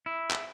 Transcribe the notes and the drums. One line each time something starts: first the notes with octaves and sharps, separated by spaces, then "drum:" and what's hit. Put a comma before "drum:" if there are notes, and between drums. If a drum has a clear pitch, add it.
E4
drum: clap